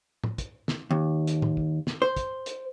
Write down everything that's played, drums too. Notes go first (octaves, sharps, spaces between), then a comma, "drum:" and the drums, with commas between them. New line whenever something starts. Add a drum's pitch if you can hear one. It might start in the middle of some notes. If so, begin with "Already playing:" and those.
drum: tom
drum: kick, hi-hat
drum: snare
D#2
drum: hi-hat
drum: tom
drum: kick
drum: snare
C5
drum: kick, hi-hat
drum: hi-hat